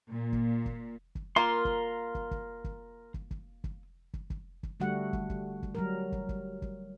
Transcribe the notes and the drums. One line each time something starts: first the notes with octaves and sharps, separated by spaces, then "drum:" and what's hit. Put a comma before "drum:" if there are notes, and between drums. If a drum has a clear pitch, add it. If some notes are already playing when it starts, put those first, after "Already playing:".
A#2
drum: kick
drum: kick
drum: kick
A#3 F4 A#4 C6
drum: kick
drum: kick
drum: kick
drum: kick
drum: kick
drum: kick
drum: kick
drum: kick
drum: kick
drum: kick
D3 G3 A3 F#4 F#5
drum: kick
drum: kick
drum: kick
F#3 G3 A#4
drum: kick
drum: kick
drum: kick